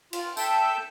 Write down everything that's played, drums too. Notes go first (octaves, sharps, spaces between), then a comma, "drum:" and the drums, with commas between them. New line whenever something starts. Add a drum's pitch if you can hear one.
F4, drum: cymbal
A4 E5 G5 A5 E6 G6, drum: tambourine